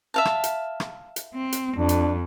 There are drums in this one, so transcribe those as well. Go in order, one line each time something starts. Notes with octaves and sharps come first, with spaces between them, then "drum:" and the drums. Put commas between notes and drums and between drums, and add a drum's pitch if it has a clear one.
E5 F5 A5
drum: rim click
drum: hi-hat
drum: rim click
drum: hi-hat
C4
drum: hi-hat
F2 D4
drum: hi-hat